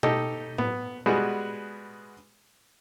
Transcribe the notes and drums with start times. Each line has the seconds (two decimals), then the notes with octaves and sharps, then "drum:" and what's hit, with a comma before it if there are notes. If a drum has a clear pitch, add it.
0.03 D#4 G4 A4 D#5, drum: tom B2
0.58 B3, drum: tom A2
1.06 G3 G#3 B3 F#4 G#4 B4